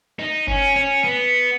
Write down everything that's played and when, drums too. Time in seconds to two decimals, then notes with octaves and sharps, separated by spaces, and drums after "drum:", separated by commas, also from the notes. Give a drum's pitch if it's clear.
0.19 D#4
0.48 C#4, drum: kick F#1
0.76 C#4
1.04 B3